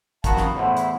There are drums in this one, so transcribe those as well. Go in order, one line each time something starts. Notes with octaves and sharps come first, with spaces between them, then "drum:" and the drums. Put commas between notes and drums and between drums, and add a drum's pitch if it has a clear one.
D#3 F#4 F5 A5 B5 D#6, drum: kick, hi-hat
drum: snare
E2 A2 E4 C5 F#5 B5
drum: hi-hat